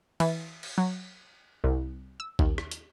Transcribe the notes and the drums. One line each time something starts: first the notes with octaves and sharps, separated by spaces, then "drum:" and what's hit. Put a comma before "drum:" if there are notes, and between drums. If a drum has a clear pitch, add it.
E3, drum: cymbal
drum: cymbal
F#3
C2
E6
D#2, drum: kick A#1
drum: rim click
drum: hi-hat